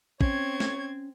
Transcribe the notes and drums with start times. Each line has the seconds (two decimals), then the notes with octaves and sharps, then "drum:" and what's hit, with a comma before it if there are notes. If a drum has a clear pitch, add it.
0.21 C4 C#4 C#5 G#6, drum: kick
0.60 drum: snare